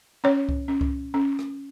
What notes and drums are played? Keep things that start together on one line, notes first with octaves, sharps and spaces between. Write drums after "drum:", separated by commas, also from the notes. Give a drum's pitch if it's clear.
C#4 C#5
drum: kick C2
C#4
drum: kick C2
C#4
drum: rim click